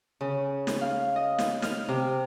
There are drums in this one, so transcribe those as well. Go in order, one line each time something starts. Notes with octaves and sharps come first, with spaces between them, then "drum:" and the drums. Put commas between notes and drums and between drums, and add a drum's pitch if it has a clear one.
C#3
drum: snare
F5
D#5
drum: snare
F6, drum: snare
C3